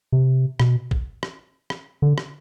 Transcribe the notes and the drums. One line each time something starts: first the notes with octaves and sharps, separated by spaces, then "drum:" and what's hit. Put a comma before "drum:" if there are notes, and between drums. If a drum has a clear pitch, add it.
C3
B2, drum: rim click
drum: kick
drum: rim click
drum: rim click
D3
drum: rim click